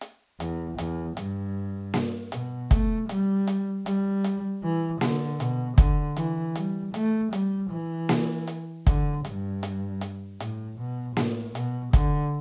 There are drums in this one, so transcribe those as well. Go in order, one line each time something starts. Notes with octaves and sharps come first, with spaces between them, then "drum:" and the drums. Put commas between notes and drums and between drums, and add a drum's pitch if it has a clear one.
drum: hi-hat
E2, drum: hi-hat
E2, drum: hi-hat
G2, drum: hi-hat
drum: snare A#3
B2, drum: hi-hat
A3, drum: kick, hi-hat
G3, drum: hi-hat
drum: hi-hat
G3, drum: hi-hat
drum: hi-hat
E3
D3, drum: snare A#3
B2, drum: hi-hat
D3, drum: kick, hi-hat
E3, drum: hi-hat
G3, drum: hi-hat
A3, drum: hi-hat
G3, drum: hi-hat
E3
drum: snare A#3
drum: hi-hat
D3, drum: kick, hi-hat
G2, drum: hi-hat
drum: hi-hat
drum: hi-hat
A2, drum: hi-hat
B2
A2, drum: snare A#3
B2, drum: hi-hat
D3, drum: kick, hi-hat